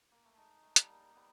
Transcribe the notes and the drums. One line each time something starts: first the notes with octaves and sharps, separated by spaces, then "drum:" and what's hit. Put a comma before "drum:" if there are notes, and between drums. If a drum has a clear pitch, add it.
A#3
A3
G#3 D#4
A3
G3, drum: hi-hat
A#3
G3 B3